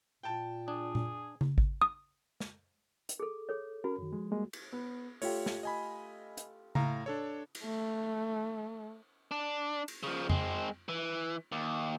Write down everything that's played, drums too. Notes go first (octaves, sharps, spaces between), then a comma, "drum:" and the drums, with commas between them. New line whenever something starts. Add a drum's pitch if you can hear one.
A#2 G5 A5
D4 G#4
drum: tom A#2
drum: tom C#3
drum: kick G#1
D#6
drum: snare
drum: hi-hat
G#4 A4
G#4 A4 C#5
C#4 F#4 A#4
F#2 D#3
F3 G#3
G3 G#3 A#3
drum: cymbal
B3
A3 F4 G4 C#5, drum: open hi-hat
drum: snare
D#5 G#5 B5
drum: hi-hat
A2 F5 A#5, drum: tom C#3
D4 A4 C#5
drum: cymbal
A3
D4
drum: cymbal
C#3 F3
G#3 C4, drum: tom F2
E3
D#2